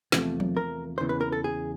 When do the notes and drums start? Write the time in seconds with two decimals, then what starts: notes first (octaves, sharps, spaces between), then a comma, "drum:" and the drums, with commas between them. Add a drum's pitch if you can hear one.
0.12 E2 C3 F3 A3, drum: snare
0.40 drum: tom F3
0.57 A#4
0.98 E2 C#3 E3 C5
1.09 B4
1.21 A#4
1.32 A4
1.44 G#4